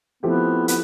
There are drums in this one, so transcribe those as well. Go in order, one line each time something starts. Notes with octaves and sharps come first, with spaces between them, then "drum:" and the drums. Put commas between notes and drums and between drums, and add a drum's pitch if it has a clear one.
F3 A3 B3 C4 E4 G4
B3, drum: hi-hat